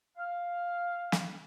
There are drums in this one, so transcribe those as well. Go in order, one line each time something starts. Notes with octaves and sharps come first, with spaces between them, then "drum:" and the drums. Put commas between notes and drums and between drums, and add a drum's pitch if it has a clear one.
F5
drum: snare